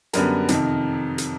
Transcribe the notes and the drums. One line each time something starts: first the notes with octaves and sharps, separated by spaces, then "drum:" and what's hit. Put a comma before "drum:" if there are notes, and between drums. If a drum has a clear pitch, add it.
F#2 D3 G3 B3 A#4, drum: hi-hat
F2 C3 D#3, drum: hi-hat
drum: hi-hat